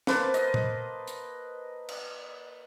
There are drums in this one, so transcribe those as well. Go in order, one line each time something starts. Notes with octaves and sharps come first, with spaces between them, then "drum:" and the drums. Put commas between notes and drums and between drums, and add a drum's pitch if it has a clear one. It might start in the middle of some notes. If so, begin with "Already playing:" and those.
A#3 B4 C5 A5, drum: snare
D#5, drum: hi-hat
drum: tom
drum: hi-hat
drum: cymbal